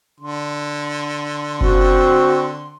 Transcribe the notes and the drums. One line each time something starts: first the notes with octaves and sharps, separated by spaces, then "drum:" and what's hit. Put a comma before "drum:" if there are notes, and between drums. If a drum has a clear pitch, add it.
D3 C6
C4 F#4, drum: kick F#1